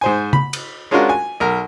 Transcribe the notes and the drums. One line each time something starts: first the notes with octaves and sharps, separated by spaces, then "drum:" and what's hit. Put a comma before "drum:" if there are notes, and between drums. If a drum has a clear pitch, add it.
G#2 C5 G#5
B5, drum: tom
drum: cymbal
G#3 C#4 D4 F4 F#4 A#4
G#5
B1 A#4